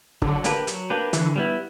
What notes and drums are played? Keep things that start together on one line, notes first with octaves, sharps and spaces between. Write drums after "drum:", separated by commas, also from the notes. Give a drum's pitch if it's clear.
D3 F#3, drum: kick
A#3 D4 G4 B4, drum: hi-hat
F#3, drum: hi-hat
A#3 D4 G4 B4
D3 E3, drum: hi-hat
G3 B3 E4